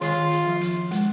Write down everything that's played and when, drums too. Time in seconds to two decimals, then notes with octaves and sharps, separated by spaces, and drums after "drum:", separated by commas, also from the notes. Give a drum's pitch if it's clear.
0.01 D#3 G#3 F4, drum: hi-hat
0.31 drum: hi-hat
0.46 F3
0.61 drum: hi-hat
0.91 G#3, drum: hi-hat